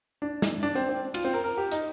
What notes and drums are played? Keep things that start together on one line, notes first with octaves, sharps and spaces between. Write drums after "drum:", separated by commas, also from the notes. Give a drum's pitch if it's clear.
D4
drum: snare
D4
C4
C4
F4, drum: cymbal
C4
A#4
A#4
G4
D#4, drum: hi-hat